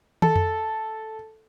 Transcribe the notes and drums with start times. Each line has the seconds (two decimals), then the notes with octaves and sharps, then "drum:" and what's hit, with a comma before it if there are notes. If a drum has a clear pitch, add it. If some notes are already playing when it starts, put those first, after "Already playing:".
0.22 A4, drum: tom
0.36 drum: tom F2